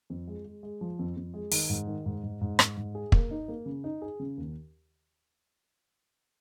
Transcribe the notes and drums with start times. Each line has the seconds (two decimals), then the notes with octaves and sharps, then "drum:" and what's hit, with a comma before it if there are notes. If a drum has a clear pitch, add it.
0.10 F2
0.28 G#3
0.45 G#3
0.63 G#3
0.81 F3
0.99 F2
1.17 F2
1.34 G#3
1.52 D#3, drum: open hi-hat
1.70 G#2
1.87 D#3
2.06 G#2
2.23 G#2
2.41 G#2
2.59 G#2, drum: rim click
2.77 G#2
2.95 G#4
3.12 A#3, drum: kick
3.31 D#4
3.48 A#3
3.66 C#3
3.84 D#4
4.02 G#4
4.20 C#3
4.37 D#2